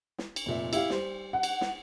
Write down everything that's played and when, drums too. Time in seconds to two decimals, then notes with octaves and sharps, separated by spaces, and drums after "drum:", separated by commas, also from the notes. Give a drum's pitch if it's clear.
0.19 drum: snare
0.36 drum: cymbal
0.46 F1 A#2 E5
0.73 E4 G4 F5, drum: cymbal
0.90 G3 C5, drum: snare
1.33 F#5
1.43 drum: cymbal
1.61 drum: snare